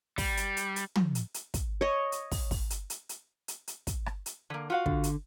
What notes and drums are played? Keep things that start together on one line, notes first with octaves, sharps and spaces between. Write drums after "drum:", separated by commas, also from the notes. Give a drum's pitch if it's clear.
G3, drum: kick, open hi-hat
drum: hi-hat
drum: hi-hat
drum: hi-hat
drum: tom
drum: hi-hat
drum: hi-hat
drum: kick, hi-hat
C#5 D#5
drum: hi-hat
drum: kick, open hi-hat
drum: kick, open hi-hat
drum: hi-hat
drum: hi-hat
drum: hi-hat
drum: hi-hat
drum: hi-hat
drum: kick, hi-hat
drum: rim click
drum: hi-hat
D3 A#3
F4 F#4 F5
D3, drum: kick
drum: hi-hat